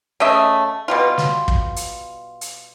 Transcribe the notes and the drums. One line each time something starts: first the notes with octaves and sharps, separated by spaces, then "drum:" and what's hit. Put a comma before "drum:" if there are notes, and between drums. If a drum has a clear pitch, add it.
C#3 A3 D#5 E5
B2 G3 F4
drum: snare
drum: kick
drum: hi-hat
drum: hi-hat